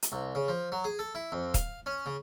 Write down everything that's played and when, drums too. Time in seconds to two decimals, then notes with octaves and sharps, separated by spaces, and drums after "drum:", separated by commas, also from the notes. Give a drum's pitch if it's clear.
0.02 drum: hi-hat
0.12 C2
0.35 C#3
0.48 F3
0.72 F#3
0.84 G#4
0.99 A4
1.15 E4
1.32 F2
1.54 F5, drum: kick D#1, hi-hat
1.86 C#4
2.06 C#3